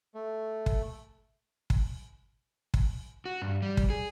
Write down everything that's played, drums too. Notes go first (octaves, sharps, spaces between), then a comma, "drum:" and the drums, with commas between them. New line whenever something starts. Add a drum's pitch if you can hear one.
A3
drum: kick
drum: kick
drum: kick
F#4
G2
G3
drum: kick
G#4